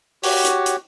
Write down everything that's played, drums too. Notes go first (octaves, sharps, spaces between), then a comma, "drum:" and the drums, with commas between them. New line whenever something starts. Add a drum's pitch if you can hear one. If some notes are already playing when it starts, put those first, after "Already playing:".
F#4 G4 C#5, drum: open hi-hat
drum: hi-hat
drum: hi-hat